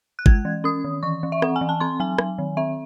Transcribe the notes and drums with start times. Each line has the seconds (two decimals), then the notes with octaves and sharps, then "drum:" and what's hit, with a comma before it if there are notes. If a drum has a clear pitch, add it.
0.19 F#6
0.26 G#3 G#6, drum: kick
0.45 E3
0.64 C#4 D#6
0.84 D#3
1.03 E3 C#6
1.23 E3
1.32 E5
1.42 C4 F#5, drum: rim click
1.56 G#5
1.61 E3
1.69 A5
1.80 C4 C6
2.00 F#3 G#5
2.18 F#3, drum: rim click
2.38 D#3
2.57 C4 E5